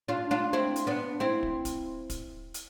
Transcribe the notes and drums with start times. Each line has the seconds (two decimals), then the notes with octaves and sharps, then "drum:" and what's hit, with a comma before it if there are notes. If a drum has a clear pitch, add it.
0.08 D4 F4
0.31 D4 F4
0.53 C4 E4
0.76 drum: hi-hat
0.87 B3 D4
1.20 C4 E4
1.43 drum: kick
1.65 drum: kick, hi-hat
2.10 drum: kick, hi-hat
2.54 drum: hi-hat